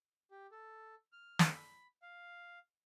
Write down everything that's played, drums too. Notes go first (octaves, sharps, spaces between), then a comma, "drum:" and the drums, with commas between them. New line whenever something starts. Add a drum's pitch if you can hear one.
G4
A4
F6
drum: snare
B5
F5